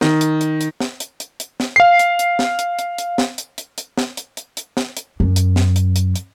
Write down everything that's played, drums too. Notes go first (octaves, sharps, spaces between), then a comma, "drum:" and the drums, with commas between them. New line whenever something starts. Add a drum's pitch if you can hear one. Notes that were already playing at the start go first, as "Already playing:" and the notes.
D#3, drum: snare
drum: hi-hat
drum: hi-hat
drum: hi-hat
drum: snare
drum: hi-hat
drum: hi-hat
drum: hi-hat
drum: snare
F5 C7
drum: hi-hat
drum: hi-hat
drum: snare
drum: hi-hat
drum: hi-hat
drum: hi-hat
drum: snare
drum: hi-hat
drum: hi-hat
drum: hi-hat
drum: snare
drum: hi-hat
drum: hi-hat
drum: hi-hat
drum: snare
drum: hi-hat
F#2
drum: hi-hat
drum: snare
drum: hi-hat
drum: hi-hat
drum: hi-hat